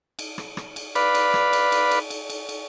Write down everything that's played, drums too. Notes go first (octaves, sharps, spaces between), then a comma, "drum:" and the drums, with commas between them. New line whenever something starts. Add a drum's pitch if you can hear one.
drum: cymbal
drum: rim click
drum: rim click
drum: cymbal
B4 D5 F5 B5, drum: cymbal
drum: cymbal
drum: rim click
drum: cymbal
drum: cymbal
drum: cymbal
drum: cymbal
drum: cymbal
drum: cymbal